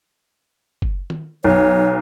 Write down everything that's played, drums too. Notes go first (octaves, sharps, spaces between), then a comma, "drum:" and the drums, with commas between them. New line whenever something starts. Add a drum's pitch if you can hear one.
drum: kick F#1
drum: tom
B1 C#5